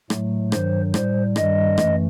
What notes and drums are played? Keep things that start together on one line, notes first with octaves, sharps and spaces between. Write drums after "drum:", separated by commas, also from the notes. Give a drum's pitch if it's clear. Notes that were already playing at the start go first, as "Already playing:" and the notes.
A2 F#3 A3, drum: rim click
G2 D#3 F#3 C5, drum: rim click
A2 G3 C5, drum: rim click
G2 D#3 G3 D#5, drum: rim click
F#2 E3 A3, drum: rim click